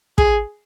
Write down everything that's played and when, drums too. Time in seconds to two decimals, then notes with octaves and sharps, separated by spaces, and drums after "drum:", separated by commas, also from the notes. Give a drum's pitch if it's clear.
0.18 G#4, drum: kick